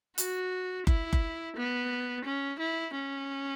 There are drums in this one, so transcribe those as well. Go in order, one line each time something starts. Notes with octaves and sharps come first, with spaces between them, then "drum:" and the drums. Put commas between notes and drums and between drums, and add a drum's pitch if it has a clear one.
F#4, drum: hi-hat
E4, drum: kick F#1
drum: kick F#1
B3
C#4
E4
C#4